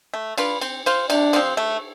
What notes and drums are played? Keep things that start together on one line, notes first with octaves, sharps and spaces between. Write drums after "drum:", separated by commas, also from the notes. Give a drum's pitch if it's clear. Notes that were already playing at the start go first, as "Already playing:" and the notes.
A3
D4 F4 B4, drum: cymbal
C4, drum: cymbal
F4 C5, drum: cymbal
C3 D4, drum: cymbal
F3 C4, drum: cymbal
A3